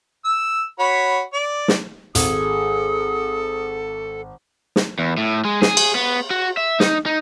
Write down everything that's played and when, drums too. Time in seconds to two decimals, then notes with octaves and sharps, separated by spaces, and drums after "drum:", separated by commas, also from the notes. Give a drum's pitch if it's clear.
0.24 E6
0.79 F#4 C#5 B5
1.33 D5
1.68 drum: snare
2.15 G#1 G#4 A4 D#6, drum: hi-hat
4.76 drum: snare
4.99 E2
5.17 A2
5.45 G#3
5.62 G#4, drum: snare
5.77 drum: cymbal
5.95 B3
6.30 F#4
6.57 E5
6.80 D#4, drum: snare
7.06 D#4